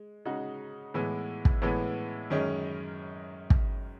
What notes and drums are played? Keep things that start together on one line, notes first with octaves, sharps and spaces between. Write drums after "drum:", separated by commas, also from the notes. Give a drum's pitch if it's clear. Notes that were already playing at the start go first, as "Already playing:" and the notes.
Already playing: G#3
C#3 G#3 D#4 F#4
A2 E3 G#3 B3
drum: kick
A2 E3 G#3 B3
F#2 D#3 G#3 C#4
drum: kick